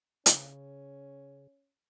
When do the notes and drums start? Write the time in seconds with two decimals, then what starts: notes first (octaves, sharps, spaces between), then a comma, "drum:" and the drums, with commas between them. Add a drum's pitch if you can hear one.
0.26 C#3 C#4, drum: hi-hat